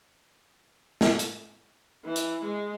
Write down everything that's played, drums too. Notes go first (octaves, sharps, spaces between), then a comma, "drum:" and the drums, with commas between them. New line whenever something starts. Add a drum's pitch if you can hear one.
drum: snare
drum: hi-hat
E3
drum: hi-hat
G#3